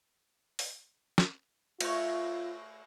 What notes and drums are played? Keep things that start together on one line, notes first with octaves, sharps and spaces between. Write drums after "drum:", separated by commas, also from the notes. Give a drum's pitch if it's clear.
drum: open hi-hat
drum: snare
A3 F4 C#5, drum: cymbal